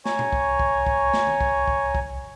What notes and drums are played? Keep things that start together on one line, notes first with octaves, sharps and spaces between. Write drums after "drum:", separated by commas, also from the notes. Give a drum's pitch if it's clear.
C#5 G#5 A#5 C#6, drum: snare
drum: tom A#2
drum: kick
drum: kick
drum: kick
drum: snare
drum: tom D#3
drum: kick
drum: kick
drum: kick